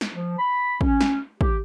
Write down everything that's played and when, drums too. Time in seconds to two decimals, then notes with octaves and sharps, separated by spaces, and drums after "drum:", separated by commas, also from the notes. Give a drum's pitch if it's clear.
0.01 drum: snare
0.13 F3
0.39 B5
0.81 C#4, drum: kick
1.01 drum: snare
1.41 G4, drum: kick